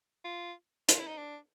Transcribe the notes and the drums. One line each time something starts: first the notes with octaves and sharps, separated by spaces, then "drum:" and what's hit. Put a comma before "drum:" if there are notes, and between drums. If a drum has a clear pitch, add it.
F4
F4, drum: hi-hat
E4
D#4
D4